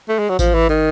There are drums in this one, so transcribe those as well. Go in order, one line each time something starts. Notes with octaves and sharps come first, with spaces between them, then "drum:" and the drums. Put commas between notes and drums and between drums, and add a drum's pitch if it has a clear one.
A3
G#3
F#3
F3, drum: kick A1, tambourine
E3
D#3